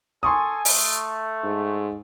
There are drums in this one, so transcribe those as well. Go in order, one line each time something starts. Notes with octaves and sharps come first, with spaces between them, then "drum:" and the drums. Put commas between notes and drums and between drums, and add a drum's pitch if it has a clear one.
A4 G#5 C6 C#6 D#6
A3, drum: open hi-hat
G#2